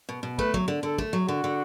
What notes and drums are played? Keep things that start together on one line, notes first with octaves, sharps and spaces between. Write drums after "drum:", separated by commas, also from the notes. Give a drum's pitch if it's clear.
B2
B2
A3 B4, drum: kick
F#3, drum: kick
D3
D3 A4
A3, drum: kick
F#3
D3 F#4
D3